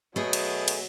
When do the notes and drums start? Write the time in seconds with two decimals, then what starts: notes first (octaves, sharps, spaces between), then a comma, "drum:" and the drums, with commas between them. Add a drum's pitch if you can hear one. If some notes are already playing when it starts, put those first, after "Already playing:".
0.16 B2 F#3 A3 G#4
0.33 drum: cymbal
0.68 drum: cymbal